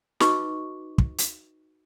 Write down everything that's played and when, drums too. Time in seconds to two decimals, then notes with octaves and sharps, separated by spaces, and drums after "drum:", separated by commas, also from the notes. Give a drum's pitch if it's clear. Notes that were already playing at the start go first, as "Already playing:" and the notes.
0.20 D#4 F#4 B4 D#5 C#6 D6, drum: snare
0.98 drum: kick
1.18 drum: hi-hat